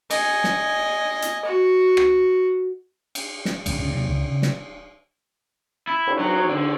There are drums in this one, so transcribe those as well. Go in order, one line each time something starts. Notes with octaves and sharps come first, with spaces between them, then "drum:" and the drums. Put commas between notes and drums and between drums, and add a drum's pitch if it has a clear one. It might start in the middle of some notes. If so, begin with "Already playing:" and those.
D#5 G#5, drum: cymbal
drum: snare
drum: hi-hat
F#4
drum: rim click
drum: cymbal
drum: snare
G1 C#2 F#2 G3, drum: cymbal
C#2 F#2 C#3
D#2 C3 E3 F#3
C#2
C#3
drum: snare
E4
drum: cymbal
F#3
D3